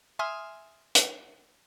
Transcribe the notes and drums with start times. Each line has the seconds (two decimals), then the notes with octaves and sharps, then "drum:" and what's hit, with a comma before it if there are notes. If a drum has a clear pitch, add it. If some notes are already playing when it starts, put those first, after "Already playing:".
0.19 E5 G#5 C6 D#6 F6
0.95 drum: hi-hat